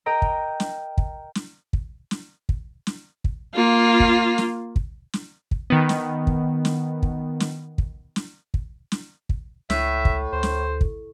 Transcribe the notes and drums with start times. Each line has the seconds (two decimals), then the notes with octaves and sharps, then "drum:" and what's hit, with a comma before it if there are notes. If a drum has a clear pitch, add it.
0.06 A#4 D#5 G5 A#5
0.22 drum: kick
0.60 drum: snare
0.98 drum: kick
1.35 drum: snare
1.73 drum: kick
2.11 drum: snare
2.49 drum: kick
2.87 drum: snare
3.24 drum: kick
3.54 A#3 F4
4.00 drum: kick
4.38 drum: snare
4.76 drum: kick
5.13 drum: snare
5.51 drum: kick
5.70 D#3 B3
5.89 drum: snare
6.27 drum: kick
6.65 drum: snare
7.03 drum: kick
7.40 drum: snare
7.78 drum: kick
8.16 drum: snare
8.54 drum: kick
8.92 drum: snare
9.29 drum: kick
9.70 C#2 A2 E5, drum: snare
10.05 drum: kick
10.33 D2 C5
10.43 drum: snare
10.81 drum: kick